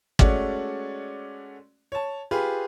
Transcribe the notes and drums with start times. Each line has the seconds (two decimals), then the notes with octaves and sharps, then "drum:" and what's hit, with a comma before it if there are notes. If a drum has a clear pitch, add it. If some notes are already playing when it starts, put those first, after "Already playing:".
0.19 G#3 A3 C#4 F#4 D5, drum: kick
1.92 C#5 A5
2.31 F4 G4 G#4 B4